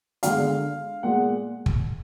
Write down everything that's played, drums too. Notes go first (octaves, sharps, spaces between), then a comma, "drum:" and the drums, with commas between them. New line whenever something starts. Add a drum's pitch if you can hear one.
D3 G#3 F5, drum: hi-hat
A#2 G#3 F#5
drum: kick